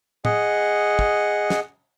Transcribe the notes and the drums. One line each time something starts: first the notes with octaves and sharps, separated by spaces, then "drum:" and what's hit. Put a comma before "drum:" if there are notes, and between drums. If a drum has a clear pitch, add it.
G#4 D#5 F#5, drum: tom A2
drum: kick
drum: snare